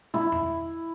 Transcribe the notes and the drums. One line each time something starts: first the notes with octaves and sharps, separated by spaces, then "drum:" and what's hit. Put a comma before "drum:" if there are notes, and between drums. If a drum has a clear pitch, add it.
E4, drum: tom
drum: tom E2